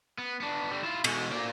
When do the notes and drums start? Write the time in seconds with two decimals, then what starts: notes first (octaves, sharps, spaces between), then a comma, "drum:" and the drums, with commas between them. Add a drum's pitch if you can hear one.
0.18 B3
0.40 B3 D4
0.71 D3 G3
0.83 E4 F4
1.04 B2 G#3, drum: cymbal
1.32 A#3 D5